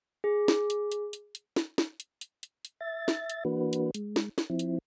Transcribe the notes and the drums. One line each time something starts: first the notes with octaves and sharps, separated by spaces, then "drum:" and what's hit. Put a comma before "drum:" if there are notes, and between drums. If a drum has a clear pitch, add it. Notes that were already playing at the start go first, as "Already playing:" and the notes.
G#4
drum: snare
drum: hi-hat
drum: hi-hat
drum: hi-hat
drum: hi-hat
drum: snare
drum: snare
drum: hi-hat
drum: hi-hat
drum: hi-hat
drum: hi-hat
E5 A6
drum: snare
drum: hi-hat
E3 A#3 D4 F#4 B4
drum: hi-hat
G#3, drum: hi-hat
drum: snare
drum: snare
F3 C4 E4
drum: hi-hat